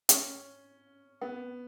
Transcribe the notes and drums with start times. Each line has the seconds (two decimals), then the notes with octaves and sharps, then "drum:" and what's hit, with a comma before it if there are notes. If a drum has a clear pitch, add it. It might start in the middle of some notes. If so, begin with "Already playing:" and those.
0.09 C#4, drum: hi-hat
1.21 B3